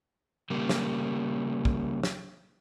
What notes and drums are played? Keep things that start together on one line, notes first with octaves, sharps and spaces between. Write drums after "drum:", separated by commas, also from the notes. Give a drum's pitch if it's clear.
C#3 G3 A#3
drum: snare
drum: kick
drum: snare